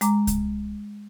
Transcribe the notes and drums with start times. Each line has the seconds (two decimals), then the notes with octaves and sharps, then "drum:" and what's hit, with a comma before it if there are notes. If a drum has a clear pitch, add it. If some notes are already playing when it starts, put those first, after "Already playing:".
0.01 G#3 A#5 D6, drum: hi-hat
0.27 drum: kick C2, hi-hat